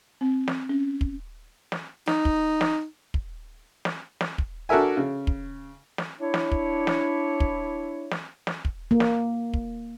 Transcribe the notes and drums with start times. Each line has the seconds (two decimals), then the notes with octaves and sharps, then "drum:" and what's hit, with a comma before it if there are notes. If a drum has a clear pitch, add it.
0.21 C4
0.48 drum: snare
0.69 C#4
1.01 drum: kick
1.72 drum: snare
2.07 D#4, drum: snare
2.25 drum: kick
2.61 drum: snare
3.14 drum: kick
3.85 drum: snare
4.21 drum: snare
4.38 drum: kick
4.69 D4 F#4 A4 A#4 E5 G#5
4.97 C#3
5.27 drum: kick
5.98 drum: snare
6.21 D4 E4 C#5
6.34 drum: snare
6.52 drum: kick
6.87 drum: snare
7.40 drum: kick
8.11 drum: snare
8.47 drum: snare
8.65 drum: kick
8.91 A#3
9.00 drum: snare
9.54 drum: kick